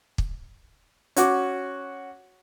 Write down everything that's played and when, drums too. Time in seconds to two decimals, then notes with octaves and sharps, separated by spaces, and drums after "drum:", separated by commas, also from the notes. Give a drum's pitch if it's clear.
0.18 drum: kick
1.16 C#4 F#4 D6, drum: hi-hat